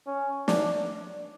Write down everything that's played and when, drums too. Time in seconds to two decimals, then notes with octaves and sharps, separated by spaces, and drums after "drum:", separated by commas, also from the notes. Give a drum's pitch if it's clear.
0.07 C#4
0.48 D4, drum: snare